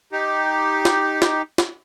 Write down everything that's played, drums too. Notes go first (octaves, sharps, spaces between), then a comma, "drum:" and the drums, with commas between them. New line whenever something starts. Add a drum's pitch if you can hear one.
D#4 G4
drum: snare
drum: snare
drum: snare